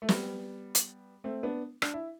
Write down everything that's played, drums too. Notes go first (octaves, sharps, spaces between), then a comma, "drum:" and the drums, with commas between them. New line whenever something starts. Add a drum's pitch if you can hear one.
A3
G3 B3, drum: snare
drum: hi-hat
A3 C4
B3 D4
D4, drum: rim click
E4